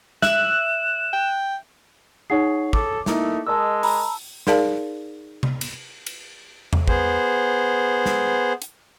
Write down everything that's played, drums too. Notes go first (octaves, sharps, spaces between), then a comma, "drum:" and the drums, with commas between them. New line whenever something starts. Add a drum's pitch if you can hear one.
E5 F#6 E7, drum: snare
G5
D#4 G#4 C#5 F#5 C7
A4 D6, drum: kick
A3 A#3 D#4 E4, drum: snare
G#3 A#4 D#5 A5 E6
A#5 B5, drum: open hi-hat
D#4 G#4 A#4 D5 F5 A5, drum: snare
drum: tom C3
drum: cymbal
drum: cymbal
drum: tom E2
B3 G#4 C5, drum: kick
drum: snare
drum: hi-hat